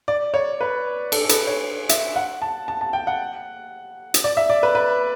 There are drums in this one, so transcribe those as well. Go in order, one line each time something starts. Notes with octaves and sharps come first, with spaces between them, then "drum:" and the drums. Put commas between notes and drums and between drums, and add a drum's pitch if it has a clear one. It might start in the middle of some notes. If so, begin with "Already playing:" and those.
D5
C#5
B4
A4, drum: cymbal
A4
B4, drum: hi-hat
C#5
E5, drum: hi-hat
F#5
A5
A5
A5
G5
F#5
drum: hi-hat
D5
E5
D5
B4
B4